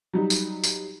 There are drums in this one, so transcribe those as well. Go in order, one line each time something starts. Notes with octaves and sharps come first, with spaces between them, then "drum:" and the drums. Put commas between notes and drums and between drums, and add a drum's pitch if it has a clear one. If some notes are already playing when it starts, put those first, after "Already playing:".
F#3 G3 D#4
drum: tambourine
drum: tambourine